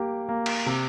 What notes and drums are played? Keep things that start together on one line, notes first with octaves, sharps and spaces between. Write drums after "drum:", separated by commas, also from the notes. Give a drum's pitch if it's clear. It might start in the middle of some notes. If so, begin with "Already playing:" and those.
Already playing: A#3 G4
A#3
drum: cymbal
C3